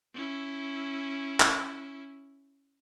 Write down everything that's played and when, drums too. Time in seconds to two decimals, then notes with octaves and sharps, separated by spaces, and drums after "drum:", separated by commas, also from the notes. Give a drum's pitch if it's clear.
0.14 C#4 E4
1.40 drum: clap